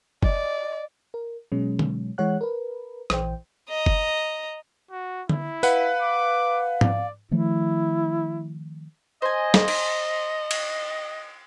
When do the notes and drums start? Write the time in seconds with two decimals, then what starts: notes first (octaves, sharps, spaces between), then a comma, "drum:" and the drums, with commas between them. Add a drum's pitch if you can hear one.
0.23 D5 D#5, drum: kick F#1
1.14 A#4
1.52 B2 F#3 G#3 C#4
1.79 drum: tom D3
2.18 E3 G#3 C#5 F#5 F#6
2.41 A#4 B4
3.10 A#1 E3 C5 G5, drum: rim click
3.69 D#5 A#5
3.86 drum: kick F#1
4.91 F#4
5.29 E4, drum: tom D3
5.63 B4 F5 F#5, drum: tambourine
6.02 D6
6.81 D5, drum: tom G#2
7.31 D#3 F3 A3 E4
9.22 C5 D#5 G#5
9.54 drum: snare
9.68 drum: cymbal
10.51 drum: cymbal